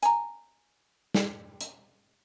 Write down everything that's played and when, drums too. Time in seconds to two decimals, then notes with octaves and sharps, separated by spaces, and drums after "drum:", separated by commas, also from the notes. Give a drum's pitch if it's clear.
0.03 G#5 A#5, drum: hi-hat
1.14 drum: snare
1.61 drum: hi-hat